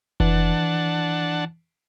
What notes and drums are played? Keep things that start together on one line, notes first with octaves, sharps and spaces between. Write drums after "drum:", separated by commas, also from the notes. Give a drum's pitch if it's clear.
E3 D4 F#5 A5, drum: kick F1